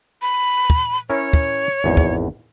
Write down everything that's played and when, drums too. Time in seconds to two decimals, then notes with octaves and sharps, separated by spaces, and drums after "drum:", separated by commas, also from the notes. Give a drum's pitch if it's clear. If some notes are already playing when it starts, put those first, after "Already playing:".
0.22 B5
0.70 drum: kick
1.10 C#4 E4 A#4 C#5
1.33 drum: kick
1.84 G#1 E2
1.97 drum: kick